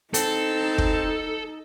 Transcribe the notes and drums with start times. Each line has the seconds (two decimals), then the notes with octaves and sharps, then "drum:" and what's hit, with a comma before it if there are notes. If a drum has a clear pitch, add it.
0.14 C4 D#4 A4, drum: hi-hat
0.78 drum: kick